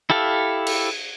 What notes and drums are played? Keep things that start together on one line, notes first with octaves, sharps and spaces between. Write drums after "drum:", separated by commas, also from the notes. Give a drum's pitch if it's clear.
E4 G4 A4 F5
drum: cymbal